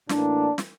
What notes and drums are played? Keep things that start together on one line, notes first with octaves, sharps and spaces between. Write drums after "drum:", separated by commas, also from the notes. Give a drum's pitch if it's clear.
A2 E3 A#3 D4, drum: snare
drum: snare